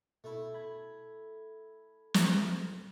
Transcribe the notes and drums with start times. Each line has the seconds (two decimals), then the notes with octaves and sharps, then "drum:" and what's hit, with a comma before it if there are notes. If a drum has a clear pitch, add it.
0.24 B2 A3 E4
0.53 A4 B5 G#6
2.14 drum: snare